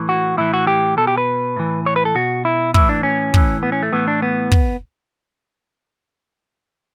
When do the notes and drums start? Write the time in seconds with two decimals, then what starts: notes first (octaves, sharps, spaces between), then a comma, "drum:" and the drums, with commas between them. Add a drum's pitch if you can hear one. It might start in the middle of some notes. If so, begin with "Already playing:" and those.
Already playing: A2 E3
0.09 F#4
0.37 A2 E3 E4
0.54 F#4
0.67 G4
0.97 B2 A4
1.07 G4
1.18 B4
1.56 A2 E3
1.86 C#5
1.96 B4
2.05 A4
2.15 B2 F#4
2.45 E4
2.74 A2 E3 E4, drum: kick
2.89 D4
3.03 C#4
3.34 A2 E3, drum: kick
3.63 B3
3.72 C#4
3.83 A3
3.93 A2 E3 B3
4.08 D4
4.22 B3
4.52 drum: kick